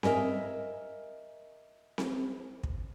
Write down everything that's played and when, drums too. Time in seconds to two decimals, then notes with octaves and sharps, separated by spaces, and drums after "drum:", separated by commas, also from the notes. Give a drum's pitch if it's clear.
0.03 A#4 D#5 E5 G#5, drum: snare C4
1.98 drum: snare C4
2.64 drum: kick